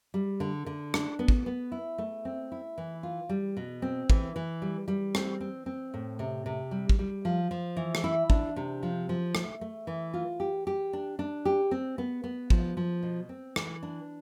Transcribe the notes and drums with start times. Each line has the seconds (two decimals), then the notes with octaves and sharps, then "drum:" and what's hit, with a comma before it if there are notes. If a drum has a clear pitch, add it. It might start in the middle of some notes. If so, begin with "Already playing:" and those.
0.14 G3
0.40 D3
0.66 D3
0.94 D4, drum: rim click
1.19 B3
1.28 drum: kick
1.46 B3
1.72 E4
1.98 A3
2.25 C4
2.52 E4
2.78 E3
3.03 F4
3.29 G3
3.57 B2
3.82 C4
4.10 E3, drum: kick
4.36 E3
4.62 G3
4.88 G3
5.15 C4, drum: rim click
5.41 C4
5.66 C4
5.94 A2
6.19 C3
6.46 C3
6.71 G3
6.89 drum: kick
6.99 G3
7.25 F3
7.51 F3
7.77 E3
7.95 drum: rim click
8.04 E4
8.30 D4, drum: kick
8.56 C3
8.83 F3
9.09 F3
9.35 A3, drum: rim click
9.61 A3
9.87 E3
10.14 F4
10.40 G4
10.67 G4
10.93 D4
11.19 D4
11.45 G4
11.71 C4
11.98 B3
12.24 B3
12.50 F3, drum: kick
12.77 F3
13.03 B2
13.29 C4
13.56 E3, drum: rim click
13.83 D4